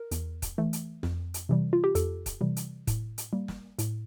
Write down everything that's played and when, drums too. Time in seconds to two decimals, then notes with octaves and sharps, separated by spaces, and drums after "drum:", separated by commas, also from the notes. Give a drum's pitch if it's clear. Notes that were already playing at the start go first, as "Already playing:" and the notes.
Already playing: A#4
0.11 E2, drum: hi-hat
0.42 drum: kick, hi-hat
0.58 E3 A3
0.73 drum: hi-hat
1.03 F2, drum: snare
1.34 drum: hi-hat
1.49 C3 E3 G3
1.73 F4
1.84 G4
1.95 F2 A4, drum: hi-hat
2.26 drum: kick, hi-hat
2.41 C3 E3 G3
2.56 drum: hi-hat
2.87 A2, drum: kick, hi-hat
3.18 drum: hi-hat
3.33 G3 A#3
3.48 drum: snare
3.79 A2, drum: hi-hat